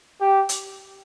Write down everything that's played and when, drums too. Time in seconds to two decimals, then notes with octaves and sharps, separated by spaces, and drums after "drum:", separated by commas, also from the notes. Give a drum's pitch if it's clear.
0.21 G4
0.49 drum: hi-hat